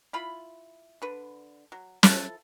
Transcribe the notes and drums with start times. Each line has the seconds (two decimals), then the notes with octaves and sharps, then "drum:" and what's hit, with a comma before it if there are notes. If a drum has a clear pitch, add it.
0.13 E4 F4 B5
1.02 D3 B4
1.72 F#3
2.03 F3 E4 A4, drum: snare